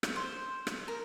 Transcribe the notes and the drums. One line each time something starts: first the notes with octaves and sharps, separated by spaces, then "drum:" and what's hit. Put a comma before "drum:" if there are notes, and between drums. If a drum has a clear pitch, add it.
drum: rim click
C5
drum: rim click
A#4